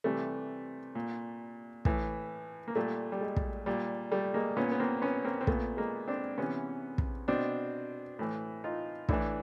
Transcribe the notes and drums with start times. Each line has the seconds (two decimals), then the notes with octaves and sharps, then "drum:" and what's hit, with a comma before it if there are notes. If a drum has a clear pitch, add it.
0.04 C3 E3 G3 A3
0.95 A#2
1.85 A2 E3, drum: kick
2.68 A#3
2.76 A#2 G3 A3
3.12 G3
3.21 G#3
3.36 drum: kick
3.66 A#2 G3
4.11 G3 A3
4.34 G#3 A#3
4.57 A#2 B3 C#4
4.71 B3
4.79 A#3 C4
5.02 B3 C#4
5.25 A#3 C4
5.41 C4
5.47 A#2 A3 B3, drum: kick
5.77 G#3 A#3
6.08 C4 D4
6.38 C3 E3 B3 C#4
6.98 drum: kick
7.28 B2 C4 D4
8.19 A2 E3
8.64 D#4 F4
9.09 A2 E3 D4 E4, drum: kick